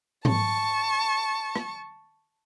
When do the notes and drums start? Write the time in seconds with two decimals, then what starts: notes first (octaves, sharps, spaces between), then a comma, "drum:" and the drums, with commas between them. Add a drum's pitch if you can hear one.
0.25 A5 C#6, drum: tom G#2
1.56 drum: rim click